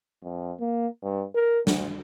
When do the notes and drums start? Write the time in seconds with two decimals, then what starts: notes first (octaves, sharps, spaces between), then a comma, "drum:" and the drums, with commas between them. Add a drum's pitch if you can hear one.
0.23 F2
0.60 A#3
1.03 G2
1.34 A#4
1.67 D2, drum: snare